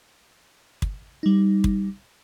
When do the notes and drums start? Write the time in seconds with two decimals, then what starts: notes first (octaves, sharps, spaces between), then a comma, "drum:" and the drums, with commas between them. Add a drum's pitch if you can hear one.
0.82 drum: kick
1.23 G3 D#4
1.64 drum: kick